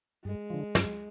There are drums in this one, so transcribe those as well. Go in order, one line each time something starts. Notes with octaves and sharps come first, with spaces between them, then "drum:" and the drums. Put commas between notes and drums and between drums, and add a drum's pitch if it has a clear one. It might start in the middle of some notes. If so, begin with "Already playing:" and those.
G2 G#3
D3 F3
G2, drum: snare